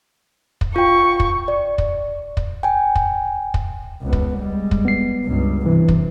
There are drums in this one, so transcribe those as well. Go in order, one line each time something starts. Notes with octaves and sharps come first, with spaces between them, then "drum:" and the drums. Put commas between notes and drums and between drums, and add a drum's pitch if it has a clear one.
drum: kick
F4 G5 C#6
drum: kick
D5
drum: kick
drum: kick
G5 G#5
drum: kick
drum: kick
C#2 B3
drum: kick
G3 G#3
drum: kick
B3 C7
C#2 G2
G2 C3 E3
drum: kick